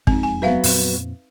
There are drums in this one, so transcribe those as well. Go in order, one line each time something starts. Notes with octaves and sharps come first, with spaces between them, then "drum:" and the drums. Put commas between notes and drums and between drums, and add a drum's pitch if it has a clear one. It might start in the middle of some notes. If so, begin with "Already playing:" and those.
E1 F2 G#3 C4 D#4, drum: kick G#1
G#5
F#3 B3 B4 E5 F5
F2 A#2 C4, drum: open hi-hat